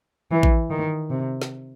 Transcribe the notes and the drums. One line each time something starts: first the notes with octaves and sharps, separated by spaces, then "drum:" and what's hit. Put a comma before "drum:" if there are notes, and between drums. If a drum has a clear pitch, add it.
E3
drum: kick A1
D#3
C3
drum: snare